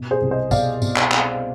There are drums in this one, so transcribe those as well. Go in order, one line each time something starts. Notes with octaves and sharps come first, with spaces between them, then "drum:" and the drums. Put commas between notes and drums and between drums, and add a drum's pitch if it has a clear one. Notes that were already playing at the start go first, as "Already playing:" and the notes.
Already playing: B2
G#4 C5
C2
C5 D#5
B2 D5 F5, drum: kick, tambourine
B2, drum: tambourine
drum: clap
drum: clap